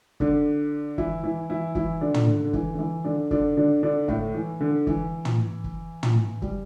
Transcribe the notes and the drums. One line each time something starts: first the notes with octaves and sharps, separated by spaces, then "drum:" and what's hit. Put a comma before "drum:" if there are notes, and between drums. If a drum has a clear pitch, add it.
D3 D4, drum: kick
E3 E4, drum: kick
E3 E4
E3 E4
E3 E4, drum: kick
D3 D4
drum: tom
D3
D3
E3, drum: kick
D3
E3
D3 D4
D3 D4, drum: kick
D3 D4
D3 D4
A2 A3, drum: kick
E3
D3
E3, drum: kick
drum: tom
drum: kick
drum: tom
G3, drum: kick